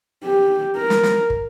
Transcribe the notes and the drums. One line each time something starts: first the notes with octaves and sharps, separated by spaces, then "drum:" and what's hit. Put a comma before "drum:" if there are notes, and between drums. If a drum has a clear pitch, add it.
G4
A#4
drum: snare
drum: snare
drum: kick